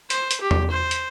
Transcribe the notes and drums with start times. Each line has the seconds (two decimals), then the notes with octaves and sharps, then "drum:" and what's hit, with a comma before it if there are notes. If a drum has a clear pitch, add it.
0.10 C5, drum: hi-hat
0.31 drum: hi-hat
0.41 G4
0.51 drum: tom E2
0.71 C5
0.91 drum: hi-hat